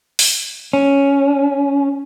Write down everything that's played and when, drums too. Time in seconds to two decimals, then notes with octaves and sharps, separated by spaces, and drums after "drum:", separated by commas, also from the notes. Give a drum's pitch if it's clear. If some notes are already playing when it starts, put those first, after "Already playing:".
0.19 drum: open hi-hat
0.73 C#4